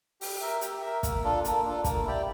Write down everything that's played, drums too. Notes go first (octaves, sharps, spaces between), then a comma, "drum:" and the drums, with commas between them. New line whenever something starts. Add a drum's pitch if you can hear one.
G4, drum: open hi-hat
A#4 E5
G4, drum: hi-hat
A#4 E5
A#3, drum: kick, hi-hat
D4 F4 A4
A#3, drum: hi-hat
D4 F4 A4
A#3, drum: kick, hi-hat
E4 G4 D5 G5